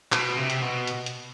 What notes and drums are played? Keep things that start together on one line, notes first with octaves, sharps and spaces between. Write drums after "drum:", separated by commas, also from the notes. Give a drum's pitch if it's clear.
B2, drum: clap
C3
drum: hi-hat
B2
drum: hi-hat
drum: hi-hat